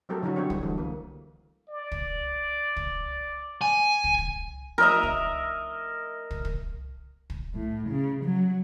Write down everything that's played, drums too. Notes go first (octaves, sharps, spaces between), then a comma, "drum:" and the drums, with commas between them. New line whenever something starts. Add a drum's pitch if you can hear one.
F#3 A3 C4 G4 A4 A#4
D3 F#3 E4 F#4 C#5
F#3 C4 D4 G4 C#5
G3, drum: kick
D3 E3 A3
A#3
D5
drum: kick
drum: kick
G#5
drum: kick
drum: kick
A#4 D#5 E5
drum: kick
drum: kick
drum: kick
drum: kick
A2
C#3
F#3